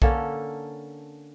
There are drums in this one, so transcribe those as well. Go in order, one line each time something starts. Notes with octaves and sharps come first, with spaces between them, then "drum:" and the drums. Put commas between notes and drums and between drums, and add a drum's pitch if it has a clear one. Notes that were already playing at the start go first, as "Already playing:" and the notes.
D3 A#3 C#4 A4, drum: kick B1